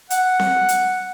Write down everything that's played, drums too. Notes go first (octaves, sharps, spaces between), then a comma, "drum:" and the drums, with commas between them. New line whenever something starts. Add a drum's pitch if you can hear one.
F#5, drum: hi-hat
drum: snare C4
drum: hi-hat